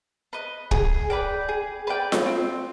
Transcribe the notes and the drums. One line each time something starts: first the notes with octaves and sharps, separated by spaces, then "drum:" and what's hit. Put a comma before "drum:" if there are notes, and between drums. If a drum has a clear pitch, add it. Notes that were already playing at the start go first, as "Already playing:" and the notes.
B4 D#5
G#4, drum: kick
B4 D5 G5
G#4
B4 D5 G5
drum: snare F4
C4